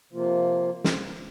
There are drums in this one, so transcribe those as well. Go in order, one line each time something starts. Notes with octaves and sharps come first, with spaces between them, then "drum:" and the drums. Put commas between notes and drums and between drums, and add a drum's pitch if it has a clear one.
C3 F3 A#3 F4
drum: snare